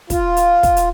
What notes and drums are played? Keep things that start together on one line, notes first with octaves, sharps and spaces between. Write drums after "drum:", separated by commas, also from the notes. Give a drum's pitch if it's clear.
F4, drum: kick, hi-hat
drum: hi-hat
drum: kick, hi-hat
drum: hi-hat